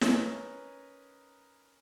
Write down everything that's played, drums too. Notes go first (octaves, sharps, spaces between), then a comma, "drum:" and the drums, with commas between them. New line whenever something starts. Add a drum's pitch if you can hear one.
C#4 D#4 A#4 B4 G#5, drum: snare